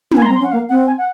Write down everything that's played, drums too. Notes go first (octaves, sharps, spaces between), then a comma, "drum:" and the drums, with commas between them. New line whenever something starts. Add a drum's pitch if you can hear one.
C4, drum: tom
A#3 G#5
C6
A#5
C4
C6
C#4
F#5
A#3 F5
C4 F#5
G#5
F#5